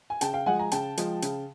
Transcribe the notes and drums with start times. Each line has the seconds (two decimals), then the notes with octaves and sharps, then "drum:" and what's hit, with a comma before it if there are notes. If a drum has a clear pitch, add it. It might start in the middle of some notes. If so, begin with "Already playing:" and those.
0.10 G#5
0.21 C#3 G5 A5, drum: hi-hat
0.34 F5 G5
0.46 F3 G#3 F#5 G#5
0.59 G#5 A#5
0.72 C#3 G5 A5, drum: hi-hat
0.97 F3 G#3, drum: hi-hat
1.22 C#3, drum: hi-hat